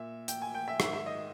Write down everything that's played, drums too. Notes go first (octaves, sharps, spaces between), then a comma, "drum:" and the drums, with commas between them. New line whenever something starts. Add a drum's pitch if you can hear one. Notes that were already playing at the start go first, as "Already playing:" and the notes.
Already playing: A#2 E5
G5, drum: hi-hat
G#5
G5
E5
G#2 D#3 E5, drum: rim click
E5
D#5